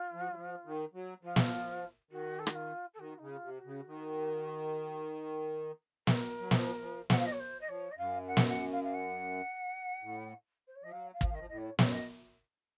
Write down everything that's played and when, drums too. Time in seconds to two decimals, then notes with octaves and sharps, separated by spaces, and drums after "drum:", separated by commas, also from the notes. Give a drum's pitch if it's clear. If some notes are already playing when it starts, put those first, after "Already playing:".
Already playing: F4
0.13 F3
0.30 F#3
0.35 F3
0.65 D#3
0.94 F#3
1.23 F3 F4
1.36 drum: snare
2.11 D#3 F#4
2.39 A4
2.47 F#4, drum: rim click
2.55 F4
2.94 A4
2.99 D#3 F#4
3.18 C#3 D#4
3.29 F4
3.43 C3
3.57 F#4
3.65 C#3
3.87 D#3
6.07 A#4, drum: snare
6.40 F#3
6.51 F3, drum: snare
6.81 F3
7.10 F3 F#5, drum: snare
7.18 F5
7.25 D#5
7.32 C#5
7.39 C5
7.61 D#5
7.68 F3 C#5
7.91 D#5
7.97 F#2 F5
8.27 F#5
8.37 drum: snare
8.49 F#5
8.71 F5
8.83 F5
8.93 F#5
10.03 A2
10.67 C5
10.75 C#5
10.83 F3 D#5
10.91 F#3 F5
11.13 F5
11.21 F3, drum: kick
11.29 D#3 F5
11.35 F3 D#5
11.48 A2 D#5
11.57 C#5
11.79 F#2 C#5, drum: snare
11.91 D#5